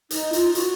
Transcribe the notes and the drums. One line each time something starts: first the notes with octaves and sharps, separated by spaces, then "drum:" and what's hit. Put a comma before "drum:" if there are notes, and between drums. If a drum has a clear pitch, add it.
D#4, drum: hi-hat
F4, drum: hi-hat
F#4, drum: hi-hat